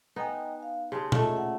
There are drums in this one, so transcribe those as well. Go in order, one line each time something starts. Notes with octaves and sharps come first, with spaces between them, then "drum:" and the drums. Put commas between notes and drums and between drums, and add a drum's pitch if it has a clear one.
B3 D#4 D#5 G5 G#5
F5
C#3 G#3 G4 A5 C6
A#2 A3 D#5, drum: tom
F#5